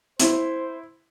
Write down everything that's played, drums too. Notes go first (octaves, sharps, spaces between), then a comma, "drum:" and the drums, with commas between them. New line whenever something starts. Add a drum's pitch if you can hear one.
E4 C5, drum: hi-hat